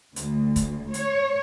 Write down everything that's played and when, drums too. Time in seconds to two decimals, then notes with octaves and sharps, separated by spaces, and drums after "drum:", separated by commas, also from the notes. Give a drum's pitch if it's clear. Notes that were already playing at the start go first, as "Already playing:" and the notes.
0.16 D2, drum: hi-hat
0.56 drum: kick, hi-hat
0.94 C#5, drum: hi-hat